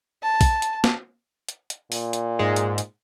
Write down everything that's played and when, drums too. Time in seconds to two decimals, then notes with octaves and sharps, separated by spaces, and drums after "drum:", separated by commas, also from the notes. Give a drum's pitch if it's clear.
0.23 A5
0.41 drum: kick, open hi-hat
0.62 drum: hi-hat
0.84 drum: snare
1.49 drum: hi-hat
1.70 drum: hi-hat
1.92 A#2, drum: open hi-hat
2.13 drum: hi-hat
2.39 G#2 G#3
2.56 drum: hi-hat
2.78 drum: hi-hat